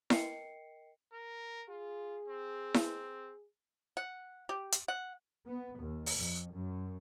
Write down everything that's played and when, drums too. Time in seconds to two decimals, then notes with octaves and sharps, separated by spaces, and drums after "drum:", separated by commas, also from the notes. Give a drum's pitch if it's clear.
0.10 A#4 D#5 G5 C7 C#7, drum: snare E4
1.13 A#4
1.69 F4 G#4
2.28 C4
2.74 drum: snare E4
3.97 F#5
4.49 G4
4.72 drum: hi-hat
4.88 F#5
5.46 B3
5.79 D#2
6.06 drum: open hi-hat
6.16 F2
6.52 F#2